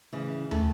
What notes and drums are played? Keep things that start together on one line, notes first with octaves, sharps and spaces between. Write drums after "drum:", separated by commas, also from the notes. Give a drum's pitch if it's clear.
D2 C#3 E3
D#3 A3 A4, drum: tom